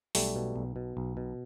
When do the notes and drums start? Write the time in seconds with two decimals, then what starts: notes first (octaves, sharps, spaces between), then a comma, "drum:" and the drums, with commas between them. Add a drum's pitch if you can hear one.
0.15 B1 G3 A3, drum: open hi-hat
0.36 B2
0.56 B1
0.76 B2
0.97 B1
1.17 B2